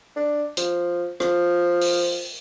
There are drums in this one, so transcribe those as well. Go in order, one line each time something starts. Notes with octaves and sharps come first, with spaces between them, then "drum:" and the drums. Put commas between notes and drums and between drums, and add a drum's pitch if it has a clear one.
D4
F3, drum: hi-hat
F3, drum: rim click
drum: open hi-hat